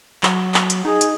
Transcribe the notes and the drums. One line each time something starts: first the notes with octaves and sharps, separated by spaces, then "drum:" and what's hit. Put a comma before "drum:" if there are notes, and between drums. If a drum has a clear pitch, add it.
F#3, drum: clap
drum: clap
drum: hi-hat
D#4 G#4
drum: hi-hat